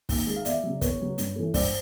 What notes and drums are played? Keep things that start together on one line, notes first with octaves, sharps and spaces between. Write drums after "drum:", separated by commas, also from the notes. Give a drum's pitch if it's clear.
D#2, drum: kick, open hi-hat
D#3 G#3
F5
E2 D5 E5, drum: hi-hat
C#3 F#3
E2 B4 C#5, drum: kick, hi-hat
C#3 F#3
G2, drum: hi-hat
E3 A3
G2 C5 D5, drum: kick, open hi-hat